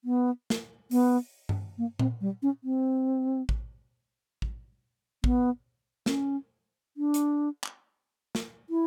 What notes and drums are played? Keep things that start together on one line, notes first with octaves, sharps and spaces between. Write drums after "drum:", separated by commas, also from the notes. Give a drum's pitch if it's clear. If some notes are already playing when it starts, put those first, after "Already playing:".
B3
drum: snare
B3, drum: open hi-hat
drum: tom G2
A#3
C4, drum: tom A#2
G3
C#4
C4
drum: kick
drum: kick
B3, drum: kick
C4, drum: snare
C#4
D4
drum: hi-hat
drum: clap
drum: snare
E4